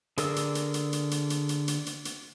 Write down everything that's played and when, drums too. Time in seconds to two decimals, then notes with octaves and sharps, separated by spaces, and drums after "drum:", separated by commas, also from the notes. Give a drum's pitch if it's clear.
0.18 D3 G#4 A#4 D5 E6, drum: hi-hat
0.36 drum: hi-hat
0.55 drum: hi-hat
0.74 drum: hi-hat
0.93 drum: hi-hat
1.11 drum: hi-hat
1.30 drum: hi-hat
1.49 drum: hi-hat
1.68 drum: hi-hat
1.86 drum: hi-hat
2.05 drum: hi-hat